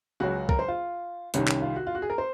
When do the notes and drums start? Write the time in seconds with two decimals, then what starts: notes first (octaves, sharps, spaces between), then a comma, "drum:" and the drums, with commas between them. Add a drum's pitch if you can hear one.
0.20 C#2 C#3 F#3 F#4
0.49 A#4, drum: kick
0.59 C5
0.68 F4
1.34 C2 C3 D#3 C#4, drum: hi-hat
1.48 C#4, drum: clap
1.62 F4
1.76 F#4
1.87 F4
1.95 F#4
2.02 G#4
2.10 A#4
2.18 C5